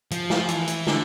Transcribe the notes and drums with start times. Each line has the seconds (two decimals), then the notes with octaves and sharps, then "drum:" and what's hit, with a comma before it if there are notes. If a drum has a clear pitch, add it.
0.11 F3, drum: hi-hat
0.30 drum: snare
0.48 E3, drum: hi-hat
0.67 drum: hi-hat
0.87 D3, drum: snare